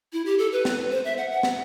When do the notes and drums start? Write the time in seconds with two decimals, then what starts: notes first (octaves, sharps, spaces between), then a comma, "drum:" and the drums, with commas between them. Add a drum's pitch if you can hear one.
0.13 E4
0.26 G4
0.38 A4
0.52 B4
0.65 drum: snare
0.91 C5
1.05 E5
1.18 F#5
1.31 F#5
1.43 drum: snare